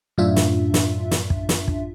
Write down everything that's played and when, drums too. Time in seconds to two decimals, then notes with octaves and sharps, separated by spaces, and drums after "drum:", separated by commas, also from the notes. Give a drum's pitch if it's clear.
0.18 F#2 A2 D4 F4 E5
0.36 drum: snare
0.74 drum: snare
1.11 drum: snare
1.30 drum: kick
1.49 drum: snare
1.68 drum: kick